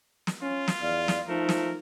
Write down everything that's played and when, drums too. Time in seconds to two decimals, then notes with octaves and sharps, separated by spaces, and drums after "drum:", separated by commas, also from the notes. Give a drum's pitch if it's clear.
0.27 drum: snare
0.42 C#4 F4
0.68 drum: snare
0.82 E2 D5 F5
1.08 drum: snare
1.28 F3 A3 D#4 A#4
1.49 drum: snare